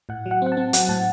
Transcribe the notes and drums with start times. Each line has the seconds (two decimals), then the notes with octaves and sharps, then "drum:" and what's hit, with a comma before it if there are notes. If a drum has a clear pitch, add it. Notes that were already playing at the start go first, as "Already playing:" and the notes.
0.09 A2 F#5
0.26 F#3
0.31 F#5
0.42 C4 F#5
0.52 A5
0.57 C4
0.73 F#3 F#5, drum: hi-hat
0.89 A2 A5